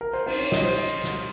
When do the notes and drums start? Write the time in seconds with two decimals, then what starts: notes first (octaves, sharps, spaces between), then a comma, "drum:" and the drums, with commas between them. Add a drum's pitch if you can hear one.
0.01 A#4
0.13 C5
0.26 C5, drum: cymbal
0.39 C#5
0.52 D#5, drum: snare
0.65 C5
0.78 D#5
1.04 drum: snare